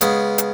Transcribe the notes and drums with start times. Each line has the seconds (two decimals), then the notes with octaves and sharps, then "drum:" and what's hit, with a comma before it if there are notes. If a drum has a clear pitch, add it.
0.01 C#3 G#3 B3, drum: hi-hat
0.38 drum: hi-hat